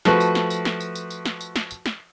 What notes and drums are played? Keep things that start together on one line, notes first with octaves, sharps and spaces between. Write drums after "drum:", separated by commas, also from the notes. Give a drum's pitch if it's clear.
F3 A3 F#4 B4, drum: snare
drum: tambourine
drum: snare
drum: tambourine
drum: snare
drum: tambourine
drum: tambourine
drum: tambourine
drum: snare
drum: tambourine
drum: snare
drum: tambourine
drum: snare